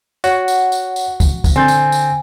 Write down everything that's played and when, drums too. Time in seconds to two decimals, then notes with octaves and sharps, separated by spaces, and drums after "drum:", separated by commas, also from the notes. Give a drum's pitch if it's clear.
0.24 F#4 C#5 F#5, drum: tambourine
0.48 drum: tambourine
0.72 drum: tambourine
0.96 drum: tambourine
1.20 drum: kick, tambourine
1.44 drum: kick, tambourine
1.56 D3 C4 G#5 G6 A6
1.68 drum: tambourine
1.92 drum: tambourine